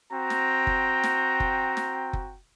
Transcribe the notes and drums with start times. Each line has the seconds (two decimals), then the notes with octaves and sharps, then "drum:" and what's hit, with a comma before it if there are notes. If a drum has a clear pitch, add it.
0.12 C4 F#4 G5 A#5
0.30 drum: snare
0.67 drum: kick F#1
1.03 drum: snare
1.40 drum: kick F#1
1.77 drum: snare
2.13 drum: kick F#1